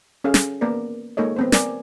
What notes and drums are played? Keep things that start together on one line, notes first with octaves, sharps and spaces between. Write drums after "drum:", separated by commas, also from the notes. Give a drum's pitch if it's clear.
C#4 G#4 A4 F5
drum: snare
A#3 B3 A#4 D5
G#3 A#3 D#4 A4 C#5 D#5
B3 C4 C5
A#4 D5 G#5, drum: snare